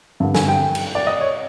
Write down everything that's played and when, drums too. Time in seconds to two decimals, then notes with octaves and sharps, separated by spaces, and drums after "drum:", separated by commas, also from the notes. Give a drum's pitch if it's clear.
0.20 G2 D3
0.35 G#5, drum: snare
0.48 G5
0.75 drum: cymbal
0.95 D5
1.07 D#5
1.21 C#5